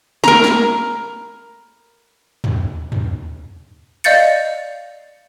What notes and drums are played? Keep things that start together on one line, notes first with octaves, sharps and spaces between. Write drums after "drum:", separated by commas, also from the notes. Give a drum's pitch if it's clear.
A#4 A#5, drum: snare
drum: snare
drum: tom
drum: tom
D5 D#5 F5 G6 A6 C#7, drum: cymbal